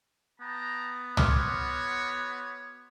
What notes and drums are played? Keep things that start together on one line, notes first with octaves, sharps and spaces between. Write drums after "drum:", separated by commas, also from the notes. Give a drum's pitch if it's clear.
B3 G5 A5 A#5
F#4 C#5 C6 D6 F6, drum: tom